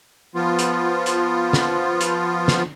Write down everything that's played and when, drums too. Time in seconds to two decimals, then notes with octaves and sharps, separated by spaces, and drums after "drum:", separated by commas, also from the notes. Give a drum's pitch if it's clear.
0.35 F3 B3 F4
0.59 drum: hi-hat
1.06 drum: hi-hat
1.53 drum: snare
2.01 drum: hi-hat
2.48 drum: snare